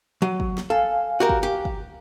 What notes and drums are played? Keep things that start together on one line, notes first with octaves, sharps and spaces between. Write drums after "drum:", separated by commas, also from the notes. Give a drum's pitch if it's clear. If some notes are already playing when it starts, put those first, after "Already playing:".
F#3
drum: kick
drum: snare
A4 F5 G#5
F#4 G4 A#4
drum: kick
G4
drum: kick